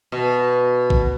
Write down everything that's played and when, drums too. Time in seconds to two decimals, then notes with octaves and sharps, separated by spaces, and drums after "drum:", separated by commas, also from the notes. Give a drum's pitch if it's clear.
0.12 B2
0.90 drum: kick A1